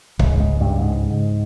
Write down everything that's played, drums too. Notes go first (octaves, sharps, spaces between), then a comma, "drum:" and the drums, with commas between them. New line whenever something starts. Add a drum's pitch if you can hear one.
C#2 G#2 C#3 G#3, drum: kick
G#2 G#3
G2 G3
G#2 G#3